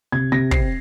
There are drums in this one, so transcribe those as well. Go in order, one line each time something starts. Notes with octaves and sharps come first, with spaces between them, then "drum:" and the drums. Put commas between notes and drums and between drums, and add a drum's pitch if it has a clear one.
C3 G#6
C3 A#6
C4 C7, drum: kick